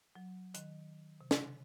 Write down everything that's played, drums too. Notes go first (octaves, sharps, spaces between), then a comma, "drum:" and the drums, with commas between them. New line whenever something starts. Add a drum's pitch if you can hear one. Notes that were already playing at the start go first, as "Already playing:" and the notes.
F#3
D#3, drum: hi-hat
C3
C#3, drum: snare